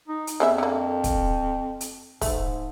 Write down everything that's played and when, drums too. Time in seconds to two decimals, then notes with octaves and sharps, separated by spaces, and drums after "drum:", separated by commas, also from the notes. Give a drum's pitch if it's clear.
0.08 D#4
0.27 drum: hi-hat
0.40 F2 C#3 B3 E5
0.58 D3 A#3
1.04 drum: kick, hi-hat
1.81 drum: hi-hat
2.21 G#2 A3, drum: kick, open hi-hat